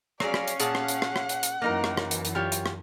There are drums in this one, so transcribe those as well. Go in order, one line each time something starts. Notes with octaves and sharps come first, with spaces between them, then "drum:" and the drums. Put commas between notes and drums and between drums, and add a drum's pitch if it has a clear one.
F#3 C#4 G#4 D5 F5, drum: rim click
drum: rim click
drum: hi-hat
A#2 G#4 F#5 A5, drum: hi-hat
drum: rim click
drum: hi-hat
drum: rim click
drum: rim click
drum: hi-hat
drum: hi-hat
F#2 E3 A#3 D#4 A#4
drum: rim click
drum: rim click
drum: hi-hat
drum: hi-hat
F4 G4 C#5
drum: hi-hat
drum: rim click